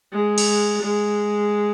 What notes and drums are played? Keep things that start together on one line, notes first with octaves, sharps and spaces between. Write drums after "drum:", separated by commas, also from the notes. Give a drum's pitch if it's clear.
G#3
drum: cymbal
G#3